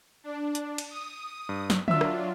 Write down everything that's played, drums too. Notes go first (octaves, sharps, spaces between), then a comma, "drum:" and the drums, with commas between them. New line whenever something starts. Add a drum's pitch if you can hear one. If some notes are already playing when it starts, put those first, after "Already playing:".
D4
drum: hi-hat
drum: cymbal
D#6
G2
drum: snare
F#3 D4 F4 E5 E6, drum: tom D3
drum: rim click